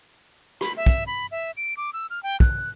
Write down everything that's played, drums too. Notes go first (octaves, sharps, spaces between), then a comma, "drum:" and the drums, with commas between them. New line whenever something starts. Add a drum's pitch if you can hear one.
B5, drum: rim click
E5
drum: kick, hi-hat
B5
E5
D7
D6
E6
F6
G5
F#6, drum: kick, hi-hat